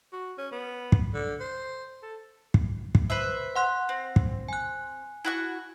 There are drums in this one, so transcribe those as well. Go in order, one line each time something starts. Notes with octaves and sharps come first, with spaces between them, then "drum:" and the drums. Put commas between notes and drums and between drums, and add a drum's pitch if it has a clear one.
F#4
C#4
B3
drum: kick
D3
C5
A4
drum: kick
drum: kick
B4 C5 E5
F#5 C6 F#6
C4
drum: kick
G#5 F#6
E4 F#4 C#6